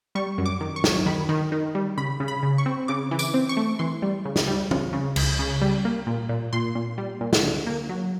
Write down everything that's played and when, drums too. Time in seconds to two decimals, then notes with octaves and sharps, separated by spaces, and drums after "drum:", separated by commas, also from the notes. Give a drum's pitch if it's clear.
0.15 G3 C#6
0.38 F#2
0.46 D6
0.61 D#3
0.76 C#6
0.84 F#2, drum: snare
1.06 D#3 B5
1.29 D#3
1.52 D#3
1.75 G3
1.97 C#3 B5
2.20 C#3
2.28 B5
2.43 C#3
2.58 C#6
2.66 C4
2.88 C#3 D6
3.11 E3
3.19 D6, drum: tambourine
3.34 C4
3.49 C#6
3.57 A3
3.79 E3 C6
4.02 G3
4.25 C#3
4.36 drum: snare
4.48 G3
4.71 C#3, drum: tom E3
4.93 C#3
5.16 C#2, drum: cymbal
5.39 C#3
5.62 G3
5.85 A#3
6.07 A#2
6.29 A#2
6.53 A#2 C6
6.75 A#2
6.98 G3
7.21 A#2
7.33 drum: snare
7.43 D3
7.67 A#3
7.89 F#3